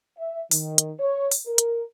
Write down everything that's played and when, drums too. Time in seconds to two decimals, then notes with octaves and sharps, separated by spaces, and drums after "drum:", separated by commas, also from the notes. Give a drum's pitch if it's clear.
0.18 E5
0.51 D#3, drum: open hi-hat
0.78 drum: hi-hat
0.99 C#5
1.32 drum: open hi-hat
1.47 A#4
1.58 drum: hi-hat